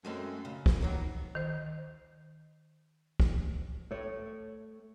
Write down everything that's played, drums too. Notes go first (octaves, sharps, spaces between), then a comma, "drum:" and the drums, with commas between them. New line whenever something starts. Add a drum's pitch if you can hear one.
F#2 G#3 A3 C4
C#3
drum: kick
D#3 F#3 A#3 C#5
D#3 C5
drum: kick
A3 C#5